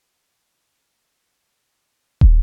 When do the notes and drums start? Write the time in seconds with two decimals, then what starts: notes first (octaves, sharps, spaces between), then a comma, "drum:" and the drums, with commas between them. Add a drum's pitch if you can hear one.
0.12 F2 A5
2.21 drum: kick